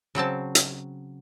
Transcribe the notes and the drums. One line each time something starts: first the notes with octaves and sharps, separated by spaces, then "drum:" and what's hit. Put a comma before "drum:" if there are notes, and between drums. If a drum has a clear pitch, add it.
C#3 F#3 C4 A5
drum: hi-hat